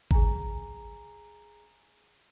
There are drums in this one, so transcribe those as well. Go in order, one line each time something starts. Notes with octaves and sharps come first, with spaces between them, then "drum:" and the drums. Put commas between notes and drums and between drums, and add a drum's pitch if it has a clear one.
G#4 G#5 A#5, drum: kick G#1